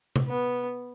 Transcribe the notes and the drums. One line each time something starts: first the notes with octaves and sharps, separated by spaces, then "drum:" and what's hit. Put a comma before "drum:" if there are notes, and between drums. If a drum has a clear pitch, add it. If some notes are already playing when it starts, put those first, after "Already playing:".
drum: tom C3
B3